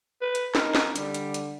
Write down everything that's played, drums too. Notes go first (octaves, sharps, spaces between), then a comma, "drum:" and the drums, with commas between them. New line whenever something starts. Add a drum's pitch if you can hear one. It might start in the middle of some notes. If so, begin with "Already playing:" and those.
B4
drum: hi-hat
D#4 A#4, drum: snare
drum: snare
D3 G3, drum: hi-hat
drum: hi-hat
drum: hi-hat